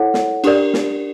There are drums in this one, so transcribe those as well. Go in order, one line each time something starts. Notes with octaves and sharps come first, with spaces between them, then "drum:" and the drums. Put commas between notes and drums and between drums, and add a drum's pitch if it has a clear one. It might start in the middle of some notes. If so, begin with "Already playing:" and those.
Already playing: E4 A4 C#5 F#5
drum: snare
D4 G4 A#4 D5, drum: cymbal
drum: snare